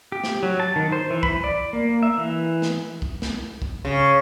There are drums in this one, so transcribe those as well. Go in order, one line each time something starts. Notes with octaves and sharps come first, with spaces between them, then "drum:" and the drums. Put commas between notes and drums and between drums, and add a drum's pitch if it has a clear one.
G4
drum: snare
F#3
A5
D#3
C5
E3
B5, drum: kick
D5
A#3
E5
E3
drum: snare
drum: kick
drum: snare
drum: kick
C#3